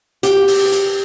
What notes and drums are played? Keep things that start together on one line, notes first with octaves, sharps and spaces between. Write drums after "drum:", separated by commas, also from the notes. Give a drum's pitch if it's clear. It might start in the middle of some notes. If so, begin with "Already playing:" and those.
G4, drum: hi-hat
drum: open hi-hat
drum: hi-hat